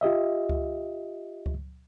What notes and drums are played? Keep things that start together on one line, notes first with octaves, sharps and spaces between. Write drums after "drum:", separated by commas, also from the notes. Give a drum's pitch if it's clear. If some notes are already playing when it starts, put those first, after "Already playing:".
F4 G4 D#5 E5
drum: kick C#2
drum: kick C#2